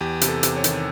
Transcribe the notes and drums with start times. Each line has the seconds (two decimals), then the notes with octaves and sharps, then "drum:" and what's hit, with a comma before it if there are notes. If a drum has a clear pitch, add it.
0.01 E2 G4
0.21 C3, drum: hi-hat
0.29 A4
0.43 C3, drum: hi-hat
0.56 C#5
0.64 D#3, drum: hi-hat